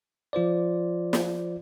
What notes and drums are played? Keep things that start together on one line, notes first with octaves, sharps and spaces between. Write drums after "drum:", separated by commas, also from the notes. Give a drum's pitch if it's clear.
F3 F4 C5 D5
drum: snare